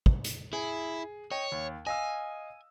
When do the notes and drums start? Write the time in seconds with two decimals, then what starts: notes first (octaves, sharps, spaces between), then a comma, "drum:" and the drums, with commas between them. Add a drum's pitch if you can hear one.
0.06 drum: kick
0.24 drum: hi-hat
0.53 E4 G#4
1.31 C#5 D#5 G5
1.52 D#2
1.86 D#5 F5 G#5 E6